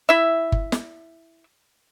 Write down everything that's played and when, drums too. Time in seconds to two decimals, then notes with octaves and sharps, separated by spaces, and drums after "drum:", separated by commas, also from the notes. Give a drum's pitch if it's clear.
0.09 E4 E5
0.52 drum: kick G1
0.72 drum: snare